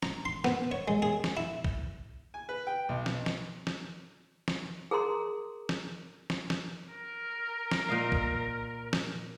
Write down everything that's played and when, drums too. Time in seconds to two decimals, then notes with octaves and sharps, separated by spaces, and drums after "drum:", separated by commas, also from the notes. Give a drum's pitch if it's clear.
0.03 A#5, drum: snare
0.25 C6
0.44 B3, drum: snare
0.71 C#5
0.88 G#3
1.02 G#4
1.24 drum: snare
1.37 E4
1.64 drum: kick A#1
2.34 G#5
2.49 B4
2.67 G5
2.89 B1
3.06 drum: snare
3.26 drum: snare
3.67 drum: snare
4.48 drum: snare
4.91 G#4 A#4 A#5 C6
5.69 drum: snare
6.30 drum: snare
6.50 drum: snare
6.94 A#4
7.71 drum: snare
7.89 A#2 D#5 F5
8.12 drum: kick A#1
8.93 drum: snare